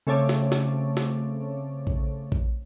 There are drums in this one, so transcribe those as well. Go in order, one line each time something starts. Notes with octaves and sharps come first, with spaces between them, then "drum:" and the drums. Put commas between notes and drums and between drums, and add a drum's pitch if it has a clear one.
C#3 A3 C4 C#5 A5 D6
drum: snare
drum: snare
drum: snare
drum: kick
drum: kick